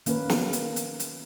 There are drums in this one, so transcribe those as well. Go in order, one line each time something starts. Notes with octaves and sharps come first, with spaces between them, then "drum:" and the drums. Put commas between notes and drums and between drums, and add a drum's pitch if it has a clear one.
D#3 A#3 C#4 A#4 B4, drum: hi-hat
drum: snare
drum: hi-hat
drum: hi-hat
drum: hi-hat